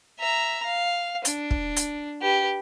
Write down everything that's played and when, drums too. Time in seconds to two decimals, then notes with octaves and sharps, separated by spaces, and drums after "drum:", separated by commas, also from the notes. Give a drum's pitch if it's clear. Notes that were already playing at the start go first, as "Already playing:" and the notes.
0.20 E5 A#5
0.66 F5
1.25 D4, drum: hi-hat
1.51 drum: kick
1.76 drum: hi-hat
2.22 G4 B4